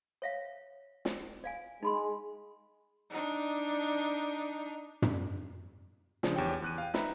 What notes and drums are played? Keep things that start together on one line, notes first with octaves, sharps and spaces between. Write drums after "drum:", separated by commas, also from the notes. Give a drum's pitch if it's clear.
C#5 E5 F5
drum: snare
D5 F5 G#5
G#3 D#4 B5 C6
D4 D#4
drum: tom
C#3 F3 D4, drum: snare
E2 G4 C#5 G5
E2 F#6 D#7
F5 G5
D#4 B4 E5 A#5 B5, drum: snare